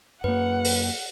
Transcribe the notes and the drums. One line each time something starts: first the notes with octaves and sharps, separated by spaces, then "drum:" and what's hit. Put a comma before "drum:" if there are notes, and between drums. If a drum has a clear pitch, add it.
F#2 A#3 B4 F#5
drum: open hi-hat